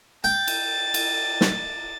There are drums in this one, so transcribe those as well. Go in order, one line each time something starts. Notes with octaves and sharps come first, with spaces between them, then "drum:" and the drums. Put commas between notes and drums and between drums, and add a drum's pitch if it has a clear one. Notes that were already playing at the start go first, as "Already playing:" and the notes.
G5 A6
drum: cymbal
drum: cymbal
drum: snare